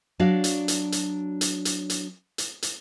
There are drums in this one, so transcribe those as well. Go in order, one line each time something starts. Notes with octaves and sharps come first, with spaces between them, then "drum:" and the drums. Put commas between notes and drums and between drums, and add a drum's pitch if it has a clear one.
F#3 D4 F#4 D5 F5
drum: hi-hat
drum: hi-hat
drum: hi-hat
drum: hi-hat
drum: hi-hat
drum: hi-hat
drum: hi-hat
drum: hi-hat